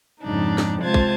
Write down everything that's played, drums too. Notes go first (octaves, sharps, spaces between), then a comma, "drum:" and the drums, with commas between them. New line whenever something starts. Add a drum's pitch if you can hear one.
F2 G#2 C#3 D4 D#4
drum: snare
C3 G#3 F4 C5 A5 G#6
drum: kick